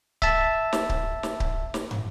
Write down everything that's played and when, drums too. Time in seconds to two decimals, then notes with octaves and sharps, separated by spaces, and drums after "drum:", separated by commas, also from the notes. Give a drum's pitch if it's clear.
0.22 E5 A5, drum: kick C#1
0.73 drum: snare
0.89 drum: kick C#1
1.23 drum: snare
1.40 drum: kick C#1
1.74 drum: snare
1.91 drum: tom